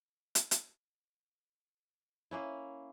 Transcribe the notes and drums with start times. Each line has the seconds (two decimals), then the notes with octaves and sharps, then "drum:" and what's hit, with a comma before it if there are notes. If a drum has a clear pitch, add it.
0.35 drum: hi-hat
0.51 drum: hi-hat
2.31 A#3 C#4 E4